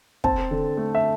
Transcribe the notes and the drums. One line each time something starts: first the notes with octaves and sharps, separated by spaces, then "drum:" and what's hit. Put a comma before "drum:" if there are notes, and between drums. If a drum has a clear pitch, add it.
C4 A5, drum: kick
D3
A3
E5